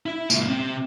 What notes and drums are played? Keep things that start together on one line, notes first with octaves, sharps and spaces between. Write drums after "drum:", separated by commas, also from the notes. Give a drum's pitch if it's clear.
E4 E5
C#2 A#2, drum: tambourine
C3